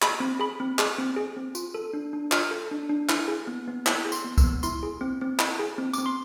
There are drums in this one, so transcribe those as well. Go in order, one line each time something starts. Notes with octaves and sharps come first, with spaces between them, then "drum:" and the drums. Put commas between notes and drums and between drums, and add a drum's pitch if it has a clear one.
G#4 B5, drum: clap
C4
G#4 B5
C4
G#4, drum: clap
C4
G#4
C4
F4, drum: tambourine
A4
D4
D4
F4 F6, drum: clap
A4
D4
D4
E4, drum: clap
G#4
B3
B3
E4 E6, drum: clap
G#4
C6, drum: tambourine
B3
E6, drum: kick, tambourine
B3
E4 C6, drum: tambourine
G#4
C4
C4
E4, drum: clap
G#4
C4
C4 D6, drum: tambourine
C6